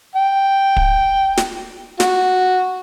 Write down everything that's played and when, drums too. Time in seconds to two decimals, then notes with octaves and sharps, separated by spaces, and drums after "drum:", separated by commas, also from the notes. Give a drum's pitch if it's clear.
0.16 G5
0.77 drum: kick
1.37 drum: snare
2.00 F#4, drum: snare